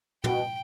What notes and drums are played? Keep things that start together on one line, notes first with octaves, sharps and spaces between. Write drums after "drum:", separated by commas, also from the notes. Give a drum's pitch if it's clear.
B2 G5, drum: tom